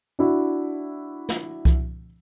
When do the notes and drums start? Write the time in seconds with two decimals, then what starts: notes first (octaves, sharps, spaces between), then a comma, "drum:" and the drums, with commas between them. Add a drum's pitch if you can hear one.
0.19 D4 E4 F#4
1.29 drum: snare
1.65 drum: kick C2